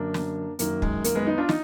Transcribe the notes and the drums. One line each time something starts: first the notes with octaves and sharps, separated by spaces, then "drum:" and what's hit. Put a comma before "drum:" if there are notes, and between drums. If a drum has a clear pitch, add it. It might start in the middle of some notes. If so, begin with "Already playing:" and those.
Already playing: F#2 D3 A#3 D4
drum: snare
F#2 D#3 A#3, drum: hi-hat
G#3, drum: kick
A#3, drum: hi-hat
G#3 B3
B3 D#4
D4 F4
D#4, drum: snare